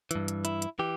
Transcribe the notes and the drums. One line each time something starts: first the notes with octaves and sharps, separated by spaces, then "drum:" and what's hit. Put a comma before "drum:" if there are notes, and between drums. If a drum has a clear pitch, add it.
G2 E3, drum: hi-hat
drum: hi-hat
E4, drum: hi-hat
drum: hi-hat
E3 G4